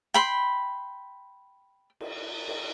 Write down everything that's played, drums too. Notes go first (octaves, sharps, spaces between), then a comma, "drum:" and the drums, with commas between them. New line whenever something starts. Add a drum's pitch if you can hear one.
G5 B5 C6
drum: cymbal
drum: cymbal